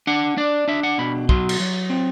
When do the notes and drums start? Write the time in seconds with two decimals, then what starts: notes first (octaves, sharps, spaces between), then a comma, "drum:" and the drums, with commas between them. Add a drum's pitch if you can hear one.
0.07 D4 F#5
0.37 D4 D5
0.68 D4 E5
0.83 F#5
0.98 B2 B5
1.29 F#3 C6, drum: kick
1.49 drum: cymbal
1.60 F#3
1.90 C4